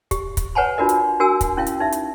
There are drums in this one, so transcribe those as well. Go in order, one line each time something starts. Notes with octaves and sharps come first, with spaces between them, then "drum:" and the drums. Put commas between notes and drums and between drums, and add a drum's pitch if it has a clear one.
G4, drum: kick, hi-hat
drum: kick, hi-hat
B4 C#5 F#5 G#5 A5 B5
D4 F4 F#4 A#4 D#5
drum: hi-hat
D4 F#4 A#4 G#5 E6
drum: kick, hi-hat
C#4 E4 F5 G5
drum: hi-hat
D#4 E5
drum: hi-hat